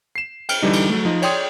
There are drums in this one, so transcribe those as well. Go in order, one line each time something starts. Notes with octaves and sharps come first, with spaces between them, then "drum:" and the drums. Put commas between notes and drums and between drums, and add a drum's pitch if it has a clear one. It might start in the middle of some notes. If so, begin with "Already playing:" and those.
C7 E7
G5 F6 D7, drum: cymbal
D3 E3 G3 D#4
drum: cymbal
F#3 A3
F3 D#4
C#5 D5 G5 C6 D#6 G#6, drum: cymbal